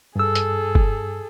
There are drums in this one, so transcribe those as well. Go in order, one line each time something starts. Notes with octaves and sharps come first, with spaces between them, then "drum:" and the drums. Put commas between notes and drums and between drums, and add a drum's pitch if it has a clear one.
G2 G#4 A4 E6
drum: hi-hat
drum: kick F#1